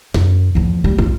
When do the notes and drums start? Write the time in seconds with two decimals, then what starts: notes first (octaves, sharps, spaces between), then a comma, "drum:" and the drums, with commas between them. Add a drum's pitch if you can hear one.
0.14 F#2, drum: snare
0.55 E2 F3
0.84 D#2 G3
0.99 F4, drum: kick